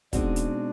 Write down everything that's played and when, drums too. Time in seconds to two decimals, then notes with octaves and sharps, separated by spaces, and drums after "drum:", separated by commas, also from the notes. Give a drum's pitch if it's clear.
0.13 B2 G#3 C4 D4 D#4 F#4, drum: kick, hi-hat
0.36 drum: hi-hat